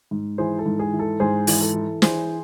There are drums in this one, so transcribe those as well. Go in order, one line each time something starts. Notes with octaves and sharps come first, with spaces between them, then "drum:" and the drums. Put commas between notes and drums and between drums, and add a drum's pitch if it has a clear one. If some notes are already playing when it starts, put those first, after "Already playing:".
G#2
E3 G#4 C5
A4
G#2
G#4
E3
A4
G#2 G#4 C5
E3, drum: open hi-hat
A4
E3
E3 G#4 C5, drum: snare